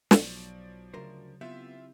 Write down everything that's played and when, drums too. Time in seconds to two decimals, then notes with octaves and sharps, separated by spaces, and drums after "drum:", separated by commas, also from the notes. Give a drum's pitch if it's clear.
0.11 B1 F3 F#3 D5, drum: snare
0.94 D2 C#3 F#3 A#4 C5
1.41 B3 C4 E4 F4 G4 E5